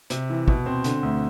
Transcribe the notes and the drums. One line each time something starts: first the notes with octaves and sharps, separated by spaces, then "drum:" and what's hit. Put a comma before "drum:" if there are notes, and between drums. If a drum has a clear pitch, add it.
C3, drum: hi-hat
E3
B2, drum: kick
C4
D3, drum: hi-hat
D2